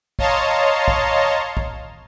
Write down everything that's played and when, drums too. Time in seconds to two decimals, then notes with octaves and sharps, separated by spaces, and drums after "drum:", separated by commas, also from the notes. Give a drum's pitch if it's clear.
0.19 C#5 D#5 F5 A5 A#5 C6, drum: kick
0.88 drum: kick
1.57 drum: kick